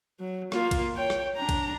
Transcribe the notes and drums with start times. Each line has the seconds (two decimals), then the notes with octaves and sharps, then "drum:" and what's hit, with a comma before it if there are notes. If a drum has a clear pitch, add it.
0.20 F#3
0.52 A#3 F4, drum: rim click
0.71 drum: kick, cymbal
0.94 C#5 G5
1.10 drum: rim click
1.36 D4 A#5
1.49 drum: kick, cymbal